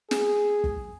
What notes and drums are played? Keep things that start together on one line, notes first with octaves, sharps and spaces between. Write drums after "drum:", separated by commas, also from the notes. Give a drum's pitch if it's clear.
G#4, drum: snare
drum: kick